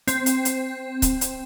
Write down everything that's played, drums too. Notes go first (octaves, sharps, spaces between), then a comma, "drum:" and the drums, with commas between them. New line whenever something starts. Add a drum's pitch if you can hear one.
C4, drum: hi-hat
drum: hi-hat
drum: hi-hat
drum: kick C#1, hi-hat
drum: hi-hat